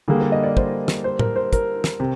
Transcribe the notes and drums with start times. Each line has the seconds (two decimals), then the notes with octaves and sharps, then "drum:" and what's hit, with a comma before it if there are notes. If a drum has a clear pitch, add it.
0.08 D3 G3 A#3 G#4
0.21 A#4
0.32 D#5
0.44 D5
0.57 C5, drum: kick
0.88 drum: snare
1.04 C5
1.19 A#4, drum: tom A2
1.36 C5
1.53 A#4, drum: kick, hi-hat
1.84 drum: snare
2.00 C3